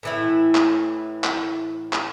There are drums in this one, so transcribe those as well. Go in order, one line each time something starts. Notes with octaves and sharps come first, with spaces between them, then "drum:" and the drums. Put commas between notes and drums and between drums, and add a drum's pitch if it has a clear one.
A2 E3 E4
drum: clap
drum: clap
drum: clap